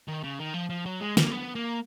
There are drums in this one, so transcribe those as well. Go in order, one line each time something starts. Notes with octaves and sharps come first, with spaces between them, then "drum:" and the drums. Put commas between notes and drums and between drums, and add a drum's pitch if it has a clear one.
D#3
C#3
D#3
F3
F3
F#3
G#3
A#3, drum: snare
B3
A#3